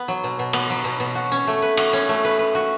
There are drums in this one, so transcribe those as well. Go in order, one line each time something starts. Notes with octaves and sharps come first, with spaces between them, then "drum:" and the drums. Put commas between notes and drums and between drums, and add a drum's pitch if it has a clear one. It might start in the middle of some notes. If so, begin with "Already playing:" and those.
Already playing: B3
F#3
B2
B2
B3, drum: cymbal
F#3
B2
B2
F#4
C#4
A3
B4
F#4, drum: cymbal
C#4
A3
B4
B4
F#4